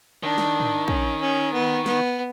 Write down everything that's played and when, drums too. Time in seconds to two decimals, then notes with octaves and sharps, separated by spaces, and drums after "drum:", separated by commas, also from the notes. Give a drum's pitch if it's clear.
0.23 D#3 D4
0.38 drum: snare
0.60 drum: tom
0.88 C#4, drum: kick
1.21 C#4
1.54 B3
1.86 B3, drum: snare